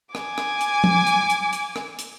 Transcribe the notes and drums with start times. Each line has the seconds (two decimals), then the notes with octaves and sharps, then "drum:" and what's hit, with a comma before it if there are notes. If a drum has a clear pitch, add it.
0.15 G#5 D6, drum: rim click
0.38 drum: rim click
0.61 drum: hi-hat
0.84 drum: tom F3
1.07 drum: hi-hat
1.30 drum: hi-hat
1.53 drum: hi-hat
1.76 drum: rim click
1.99 drum: hi-hat